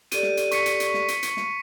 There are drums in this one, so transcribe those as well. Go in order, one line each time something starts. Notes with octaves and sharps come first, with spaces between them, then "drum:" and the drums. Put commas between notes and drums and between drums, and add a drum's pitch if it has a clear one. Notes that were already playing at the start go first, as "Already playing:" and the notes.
G4 A4 D5 D#7, drum: hi-hat
drum: snare
drum: hi-hat
C#6 B6 C#7, drum: hi-hat
drum: hi-hat
drum: hi-hat
drum: snare
drum: hi-hat
drum: hi-hat
drum: snare